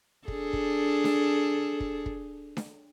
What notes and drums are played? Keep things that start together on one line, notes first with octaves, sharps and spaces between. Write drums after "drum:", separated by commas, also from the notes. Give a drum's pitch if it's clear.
D4 G#4 A4, drum: kick
drum: kick
drum: snare D4
drum: kick
drum: kick
drum: snare D4